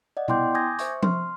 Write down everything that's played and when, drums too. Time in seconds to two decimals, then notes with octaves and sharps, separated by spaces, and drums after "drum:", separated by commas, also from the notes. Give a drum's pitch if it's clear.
0.17 D5 D#5 F#5
0.28 B3 E4 G5 C6 D6 G6, drum: tom B2
0.54 G#5 D6 D#6 G6 G#6 A#6
0.79 C5 E5 C#6, drum: hi-hat
1.03 C6 F6, drum: tom F3